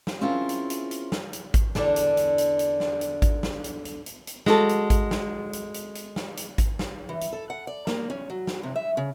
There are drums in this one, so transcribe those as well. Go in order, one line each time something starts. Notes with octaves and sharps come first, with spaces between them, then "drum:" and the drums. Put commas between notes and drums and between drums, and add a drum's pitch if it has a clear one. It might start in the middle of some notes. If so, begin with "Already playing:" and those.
drum: snare
C4 C#4 E4 F4 G#4 A#4
drum: hi-hat
drum: hi-hat
drum: hi-hat
drum: snare
drum: hi-hat
drum: kick G#1, hi-hat
E2 D3 D4, drum: snare
drum: hi-hat
drum: hi-hat
drum: hi-hat
drum: hi-hat
drum: snare
drum: hi-hat
drum: kick G#1, hi-hat
drum: snare
drum: hi-hat
drum: hi-hat
drum: hi-hat
drum: hi-hat
G#3 F#4 A4, drum: snare
drum: hi-hat
drum: kick G#1, hi-hat
drum: snare
drum: hi-hat
drum: hi-hat
drum: hi-hat
drum: snare
drum: hi-hat
drum: kick G#1, hi-hat
drum: snare
E3
drum: hi-hat
A4
F#5
D5
A#3, drum: snare
C#4
F#3
drum: snare
C3
E5
C#3